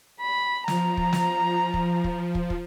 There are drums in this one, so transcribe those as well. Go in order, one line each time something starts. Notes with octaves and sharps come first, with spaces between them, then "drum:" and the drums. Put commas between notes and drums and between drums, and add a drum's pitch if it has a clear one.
B5
F3 A#5, drum: snare
drum: kick
drum: snare
drum: kick
drum: kick
drum: kick
drum: kick